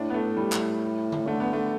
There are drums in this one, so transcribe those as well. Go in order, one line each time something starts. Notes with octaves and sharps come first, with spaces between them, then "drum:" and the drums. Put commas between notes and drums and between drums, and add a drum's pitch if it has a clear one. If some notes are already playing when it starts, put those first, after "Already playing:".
Already playing: A2 D4
B3
A3
G3
drum: clap
drum: tom D3
D3 A3
B3
A3